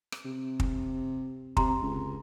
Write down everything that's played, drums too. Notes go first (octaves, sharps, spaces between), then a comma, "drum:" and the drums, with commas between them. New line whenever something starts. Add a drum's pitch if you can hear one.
drum: rim click
C3
drum: kick
C3 A#5 C6, drum: kick
C#2